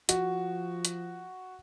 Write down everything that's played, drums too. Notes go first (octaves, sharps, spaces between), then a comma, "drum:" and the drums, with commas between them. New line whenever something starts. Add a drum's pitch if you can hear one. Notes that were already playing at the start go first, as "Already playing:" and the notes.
F3 F#4, drum: hi-hat
drum: hi-hat